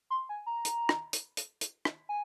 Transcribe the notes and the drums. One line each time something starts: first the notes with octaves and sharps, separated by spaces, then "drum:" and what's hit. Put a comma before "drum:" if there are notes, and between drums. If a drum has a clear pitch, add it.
C6
G#5
A#5
drum: hi-hat
drum: rim click
drum: hi-hat
drum: hi-hat
drum: hi-hat
drum: rim click
G#5